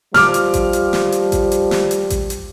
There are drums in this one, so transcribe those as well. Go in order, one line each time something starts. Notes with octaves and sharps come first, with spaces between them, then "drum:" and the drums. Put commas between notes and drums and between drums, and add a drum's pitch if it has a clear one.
F3 G3 D6 F6, drum: snare
drum: hi-hat
drum: kick A1, hi-hat
drum: hi-hat
drum: snare
drum: hi-hat
drum: kick A1, hi-hat
drum: hi-hat
drum: snare
drum: hi-hat
drum: kick A1, hi-hat
drum: hi-hat